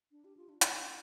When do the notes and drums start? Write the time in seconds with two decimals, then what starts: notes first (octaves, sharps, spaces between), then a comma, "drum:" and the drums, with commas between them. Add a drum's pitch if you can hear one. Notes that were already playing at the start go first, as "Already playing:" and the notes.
0.12 D4
0.24 G4
0.37 F4
0.49 D4
0.61 D4, drum: hi-hat
0.78 D4